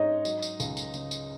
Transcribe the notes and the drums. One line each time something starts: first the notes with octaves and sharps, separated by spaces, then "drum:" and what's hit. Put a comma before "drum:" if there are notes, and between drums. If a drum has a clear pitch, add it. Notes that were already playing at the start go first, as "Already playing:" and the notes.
Already playing: G#2 G#3 C#4 D#4 C#5 D#5
F#3, drum: tambourine
drum: tambourine
C#2, drum: tambourine
drum: tambourine
C#3, drum: tambourine
drum: tambourine